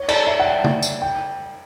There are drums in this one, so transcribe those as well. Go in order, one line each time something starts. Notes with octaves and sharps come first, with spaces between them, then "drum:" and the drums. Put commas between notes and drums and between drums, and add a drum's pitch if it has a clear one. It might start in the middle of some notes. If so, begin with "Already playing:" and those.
Already playing: C#5
D5, drum: cymbal
E5
F#5
G5
drum: tom C#3
drum: tambourine
G5